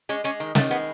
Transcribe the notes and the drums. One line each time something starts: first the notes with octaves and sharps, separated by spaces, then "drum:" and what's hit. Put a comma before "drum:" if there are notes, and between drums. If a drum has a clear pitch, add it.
G#3 C#4
G#3 C#4
D#3
D#3 A3, drum: snare
G#3 B3